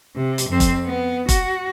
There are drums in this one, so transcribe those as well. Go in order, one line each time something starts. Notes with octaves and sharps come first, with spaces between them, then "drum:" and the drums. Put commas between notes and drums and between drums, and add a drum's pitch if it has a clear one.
C3
drum: hi-hat
F2 C4
drum: kick F1, hi-hat
B3
F#4, drum: kick F1, hi-hat